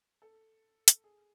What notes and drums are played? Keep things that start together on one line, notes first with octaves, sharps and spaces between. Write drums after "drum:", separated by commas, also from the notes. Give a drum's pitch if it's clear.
A4
drum: hi-hat
G#4